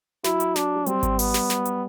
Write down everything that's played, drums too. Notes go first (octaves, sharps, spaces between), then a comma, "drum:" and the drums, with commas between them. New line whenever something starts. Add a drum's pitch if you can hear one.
F#3 E4, drum: snare
drum: hi-hat
D4, drum: snare
F#3
G3 C4, drum: hi-hat
drum: kick G#1, hi-hat
B3, drum: open hi-hat
drum: snare
drum: snare
drum: hi-hat